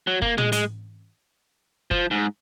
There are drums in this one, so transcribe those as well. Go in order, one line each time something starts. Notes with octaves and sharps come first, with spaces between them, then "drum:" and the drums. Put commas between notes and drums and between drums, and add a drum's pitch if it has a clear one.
F#3
A#3, drum: kick F#1
G#3, drum: tom
G#3, drum: hi-hat
F3, drum: kick F#1
G#2